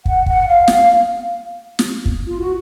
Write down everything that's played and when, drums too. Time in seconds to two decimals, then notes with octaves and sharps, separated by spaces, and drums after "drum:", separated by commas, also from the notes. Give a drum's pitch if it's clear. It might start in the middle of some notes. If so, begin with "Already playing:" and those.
0.06 F#5, drum: kick
0.26 F#5, drum: kick
0.47 F5
0.68 F5, drum: snare
1.79 drum: snare
2.06 drum: kick
2.26 F4
2.40 F#4